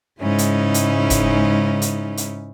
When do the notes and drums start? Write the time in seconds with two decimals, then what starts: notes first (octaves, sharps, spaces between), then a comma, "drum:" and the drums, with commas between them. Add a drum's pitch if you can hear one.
0.21 G#2 C#3 G#3 C#4 D#4 E4
0.38 drum: hi-hat
0.74 drum: hi-hat
1.10 drum: kick, hi-hat
1.82 drum: hi-hat
2.17 drum: hi-hat